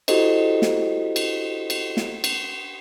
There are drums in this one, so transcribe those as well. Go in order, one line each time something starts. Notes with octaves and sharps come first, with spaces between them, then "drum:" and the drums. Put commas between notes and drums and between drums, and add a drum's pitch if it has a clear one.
E4 F#4 G4 A4 C5 D#5, drum: cymbal
drum: snare
drum: cymbal
drum: cymbal
drum: snare
drum: cymbal